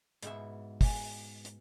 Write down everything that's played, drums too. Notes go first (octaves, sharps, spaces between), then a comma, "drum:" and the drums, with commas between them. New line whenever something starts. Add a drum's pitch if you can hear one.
G#2 B2 E4 E5, drum: hi-hat
G#3, drum: kick, open hi-hat
drum: hi-hat